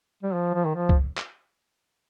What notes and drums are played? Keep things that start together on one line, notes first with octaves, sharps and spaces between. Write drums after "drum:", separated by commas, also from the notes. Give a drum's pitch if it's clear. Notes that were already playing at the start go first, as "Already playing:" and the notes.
G3
F3
F3
D#3
F3
drum: kick C#2
drum: clap